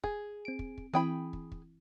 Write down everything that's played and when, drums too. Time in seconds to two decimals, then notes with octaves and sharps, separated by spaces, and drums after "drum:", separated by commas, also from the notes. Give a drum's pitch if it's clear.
0.04 G#4, drum: kick
0.45 C4 D7
0.59 drum: kick
0.78 drum: kick
0.94 E3 C4 E4 G#4 G5 B5
1.33 drum: kick
1.52 drum: kick